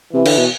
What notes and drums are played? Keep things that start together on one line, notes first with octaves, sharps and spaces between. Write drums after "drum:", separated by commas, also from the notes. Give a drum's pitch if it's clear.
C3 E3
D3, drum: cymbal
B2